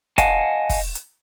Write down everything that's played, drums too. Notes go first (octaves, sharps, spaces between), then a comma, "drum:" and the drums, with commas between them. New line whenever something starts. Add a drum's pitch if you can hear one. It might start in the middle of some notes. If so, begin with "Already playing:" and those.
D#5 F5 F#5 G#5 A5, drum: kick, hi-hat
drum: kick, open hi-hat
drum: hi-hat